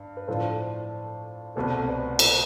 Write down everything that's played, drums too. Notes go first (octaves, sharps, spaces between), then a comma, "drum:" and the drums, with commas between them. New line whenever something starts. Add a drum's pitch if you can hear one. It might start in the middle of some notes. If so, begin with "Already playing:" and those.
Already playing: G2
B4
A2 F3 A3 D4 F4 A4 C5
C2 B2 A3 A4 C5
B4 D5
A4 C5, drum: cymbal